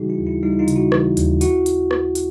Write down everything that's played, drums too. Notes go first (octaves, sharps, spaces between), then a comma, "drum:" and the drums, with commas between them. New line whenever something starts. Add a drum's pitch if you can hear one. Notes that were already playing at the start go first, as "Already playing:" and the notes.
Already playing: C#3 E3 G3 D#4 F#4 G#4
E4
D#2
E4
G3 D#4 F4
E4
D#4 F4
C#3, drum: hi-hat
E4 F#4
E3, drum: rim click
D#2, drum: hi-hat
E4 F#4, drum: hi-hat
drum: hi-hat
drum: rim click
drum: hi-hat